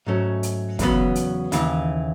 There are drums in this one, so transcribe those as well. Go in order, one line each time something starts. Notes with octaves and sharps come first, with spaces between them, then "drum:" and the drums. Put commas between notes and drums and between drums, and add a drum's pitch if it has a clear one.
G#2 F#3 A3 C#4
drum: hi-hat
E2 C#3 F#3 B3, drum: kick, hi-hat
drum: hi-hat
D#2 C#3 E3, drum: hi-hat